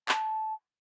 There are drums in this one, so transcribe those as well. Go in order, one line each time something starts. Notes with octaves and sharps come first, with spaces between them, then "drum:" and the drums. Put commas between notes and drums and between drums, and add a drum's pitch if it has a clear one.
A5, drum: clap